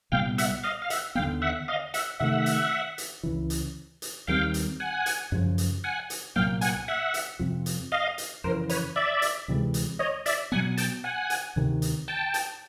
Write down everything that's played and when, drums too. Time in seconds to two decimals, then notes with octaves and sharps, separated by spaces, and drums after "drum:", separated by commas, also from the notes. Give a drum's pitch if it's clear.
0.12 C2 A#2 G3 B3 F5 G5
0.38 E5 F#5, drum: hi-hat
0.64 D#5 F5
0.82 F5
0.90 E5 F#5, drum: hi-hat
1.15 D#2 D3 G3 B3 F5 G5
1.42 E5 F#5
1.68 D#5 F5
1.94 E5 F#5, drum: hi-hat
2.19 C3 D#3 F#3 A3 E5 F#5
2.46 drum: hi-hat
2.98 drum: hi-hat
3.23 C#2 C#3 E3
3.50 drum: hi-hat
4.02 drum: hi-hat
4.28 D#2 D#3 G3 C4 F5 G5
4.54 drum: hi-hat
4.80 F#5 G#5
5.06 drum: hi-hat
5.32 F#2 C#3 F3
5.58 drum: hi-hat
5.84 F#5 G#5
6.10 drum: hi-hat
6.36 C2 A#2 F#3 A#3 F5 G5
6.61 F#5 G#5, drum: hi-hat
6.88 E5 F#5
7.14 drum: hi-hat
7.39 F2 C3 F3
7.66 drum: hi-hat
7.92 D#5 F5
8.18 drum: hi-hat
8.44 F2 C#3 E3 A#4 C5
8.69 B4 C#5, drum: hi-hat
8.96 D5 E5
9.22 drum: hi-hat
9.48 D2 C3 E3 G#3
9.74 drum: hi-hat
9.99 C#5 D#5
10.26 D5 E5, drum: hi-hat
10.52 B2 F#3 B3 F#5 G#5
10.77 G5 A5, drum: hi-hat
11.04 F#5 G#5
11.30 drum: hi-hat
11.56 D2 C3 D#3
11.82 drum: hi-hat
12.08 G5 A5
12.34 drum: hi-hat